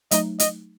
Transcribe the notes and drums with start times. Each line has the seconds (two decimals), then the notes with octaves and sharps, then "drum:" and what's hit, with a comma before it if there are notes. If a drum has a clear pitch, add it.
0.11 F#3 A3 D#4 D#5, drum: hi-hat
0.40 D#5, drum: hi-hat